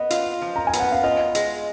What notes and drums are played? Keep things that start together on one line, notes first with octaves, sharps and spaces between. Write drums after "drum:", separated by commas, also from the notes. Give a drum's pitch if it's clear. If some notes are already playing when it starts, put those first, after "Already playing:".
Already playing: B3 D#5
F4, drum: hi-hat
F3
A#5
G#5
B3, drum: hi-hat
F#5
F5
F4 D#5
G#3, drum: hi-hat